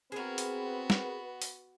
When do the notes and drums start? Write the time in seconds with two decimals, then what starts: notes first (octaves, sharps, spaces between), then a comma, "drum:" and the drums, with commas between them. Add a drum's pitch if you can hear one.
0.12 B3 C4 F#4 G#4 A#4 B4
0.38 drum: open hi-hat
0.90 drum: snare
1.42 drum: open hi-hat